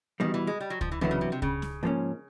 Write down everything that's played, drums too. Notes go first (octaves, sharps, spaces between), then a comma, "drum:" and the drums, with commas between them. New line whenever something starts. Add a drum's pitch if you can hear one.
E2 B2 D#3 G3
E3
G#3
G3
F#3
F3, drum: kick C#2
E3
E2 B2 D3 F#3 B3 E4
C#3
C3
C3
C#3, drum: kick C#2
drum: snare
G#2 F3 A#3 C#4